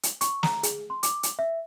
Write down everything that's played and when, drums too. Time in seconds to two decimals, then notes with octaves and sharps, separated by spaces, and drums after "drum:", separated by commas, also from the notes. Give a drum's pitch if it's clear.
0.03 drum: hi-hat
0.21 C#6, drum: hi-hat
0.43 A#5, drum: snare
0.63 G#4, drum: hi-hat
0.90 C6
1.03 D6, drum: hi-hat
1.23 drum: hi-hat
1.39 E5